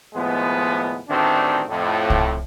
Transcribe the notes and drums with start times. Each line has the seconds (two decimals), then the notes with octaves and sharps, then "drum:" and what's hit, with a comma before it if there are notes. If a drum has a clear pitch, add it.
0.15 D#2 A2 F3 G#3 B3
1.09 A1 D2 D#3 A3 C4 D4
1.69 F2 A2
2.10 drum: kick C2